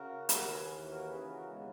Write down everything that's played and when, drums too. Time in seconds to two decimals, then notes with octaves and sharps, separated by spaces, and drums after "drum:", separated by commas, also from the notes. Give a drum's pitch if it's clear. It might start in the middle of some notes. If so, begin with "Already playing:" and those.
Already playing: C#3 F#4 A#4
0.29 D#2 F#4 A#4, drum: hi-hat
0.48 G#4 B4
0.69 E3
0.87 F#4 A#4
1.07 C#3 G#4 B4
1.28 F#4 A#4
1.47 D#2 G#3 B3